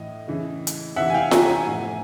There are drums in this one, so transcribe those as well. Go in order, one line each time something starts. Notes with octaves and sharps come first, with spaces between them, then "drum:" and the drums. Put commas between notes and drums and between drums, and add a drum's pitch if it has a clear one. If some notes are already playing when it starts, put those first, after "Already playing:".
Already playing: A2 E3 D#5
C#3 E3
drum: hi-hat
C3 E3 E5 F#5
G#5
F5 G5
G#5 A#5, drum: snare F4
G#5 A#5
A2 F3